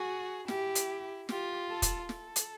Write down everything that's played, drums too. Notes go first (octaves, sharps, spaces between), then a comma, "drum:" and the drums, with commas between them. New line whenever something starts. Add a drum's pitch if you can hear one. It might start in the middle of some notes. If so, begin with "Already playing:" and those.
Already playing: F#4 G#4
E4 G4, drum: snare
drum: hi-hat
F4 G4, drum: snare
A4
drum: kick, hi-hat
A4, drum: snare
drum: hi-hat